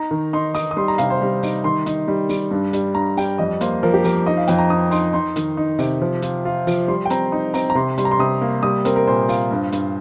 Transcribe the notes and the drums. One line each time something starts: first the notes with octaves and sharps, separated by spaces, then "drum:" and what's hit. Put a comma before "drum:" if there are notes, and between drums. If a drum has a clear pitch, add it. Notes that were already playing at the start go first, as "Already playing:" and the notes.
Already playing: D#4 A#5
D#3
D#4 C6
D#4 D#6, drum: open hi-hat
D#6
G3 C6
A#5
C3 F5, drum: hi-hat
C5
G3
D#4, drum: open hi-hat
D#3 C6
D#4, drum: hi-hat
G3
G3, drum: open hi-hat
G2
G3, drum: hi-hat
G2 A#5
G3 G5, drum: open hi-hat
F2 D#5
A#3 C5, drum: hi-hat
F3 A#4
G4
F2 A#4, drum: open hi-hat
D#4 D#5
F5
F2 G5, drum: hi-hat
A#5
D#4 D#6
D#4 C6, drum: open hi-hat
D#4 C6
D#3, drum: hi-hat
D#4
C3, drum: open hi-hat
F3
F4, drum: hi-hat
F4
F3, drum: open hi-hat
G3 C6
G5
C4 A#5, drum: hi-hat
D#4
C4 A#5, drum: open hi-hat
A#5
C3 C6
G3 C6, drum: hi-hat
A#5
C6
C3 D#6
A#3
G3 D#6
C4 A#4, drum: hi-hat
A#4
A#2 C5
F4, drum: open hi-hat
G2
G2, drum: hi-hat